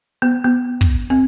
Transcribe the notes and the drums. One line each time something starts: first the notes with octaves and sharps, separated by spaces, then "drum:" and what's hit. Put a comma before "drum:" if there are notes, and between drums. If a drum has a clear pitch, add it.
B3
B3
drum: kick
C4